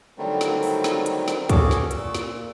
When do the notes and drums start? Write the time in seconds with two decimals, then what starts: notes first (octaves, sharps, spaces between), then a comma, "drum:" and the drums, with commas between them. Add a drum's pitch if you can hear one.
0.18 D3 D#3 F#3 G3 A3 C4
0.41 drum: snare
0.63 drum: open hi-hat
0.84 drum: snare
1.06 drum: hi-hat
1.28 drum: snare
1.49 E3 C#4 F#4 G#4 A4 D6, drum: kick, hi-hat
1.71 drum: snare
1.91 A#2 E6, drum: hi-hat
2.15 drum: snare